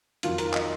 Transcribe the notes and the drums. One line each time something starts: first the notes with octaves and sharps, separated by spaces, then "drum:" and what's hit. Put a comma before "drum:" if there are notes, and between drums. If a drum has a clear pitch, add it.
F2 D#3 F#3 F4, drum: hi-hat
A#4, drum: hi-hat
D#5, drum: clap